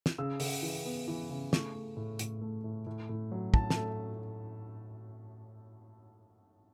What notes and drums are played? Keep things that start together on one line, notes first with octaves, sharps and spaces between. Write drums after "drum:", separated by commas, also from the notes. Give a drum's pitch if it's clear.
drum: snare
C#3 E6
C#3, drum: open hi-hat
E3
B3
E3
C#3
A3 C#6, drum: snare
A3
A2
A2, drum: hi-hat
A3
A2
A2
A2
F#3
A2 A5, drum: kick
A5, drum: snare
A3